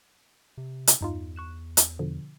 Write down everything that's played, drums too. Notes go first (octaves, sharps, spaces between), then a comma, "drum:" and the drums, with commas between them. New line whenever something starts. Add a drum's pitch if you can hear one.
C3
drum: hi-hat
E2 G2 D#4 F4
C#6 F#6 E7
drum: hi-hat
B2 D3 F3